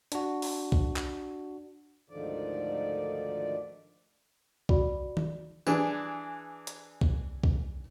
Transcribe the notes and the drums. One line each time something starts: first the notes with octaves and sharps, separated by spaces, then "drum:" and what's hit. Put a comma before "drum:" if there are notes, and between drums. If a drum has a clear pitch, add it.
D4 F#4, drum: hi-hat
drum: open hi-hat
drum: kick B1
drum: clap
D2 G#2 D3 D#3 F3 D5
F#4 D5, drum: kick B1
drum: tom
E3 D4 G#4, drum: tambourine
drum: hi-hat
drum: kick B1
drum: kick B1